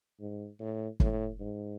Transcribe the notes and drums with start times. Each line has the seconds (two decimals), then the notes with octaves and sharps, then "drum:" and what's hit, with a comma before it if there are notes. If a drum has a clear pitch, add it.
0.20 G#2
0.60 A2
1.00 A2, drum: kick
1.40 G#2